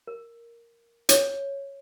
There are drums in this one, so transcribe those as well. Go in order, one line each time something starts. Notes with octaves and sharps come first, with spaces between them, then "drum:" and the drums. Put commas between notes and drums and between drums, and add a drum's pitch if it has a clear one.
A#4
C#5, drum: hi-hat